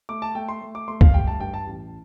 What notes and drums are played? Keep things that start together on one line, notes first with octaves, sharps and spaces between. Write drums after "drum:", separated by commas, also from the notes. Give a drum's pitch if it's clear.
A3 D6
A5
A3 G5
C6
A3
D6
A3 C6
F5, drum: kick
G3 G5
A5
G2 G5
A5
A1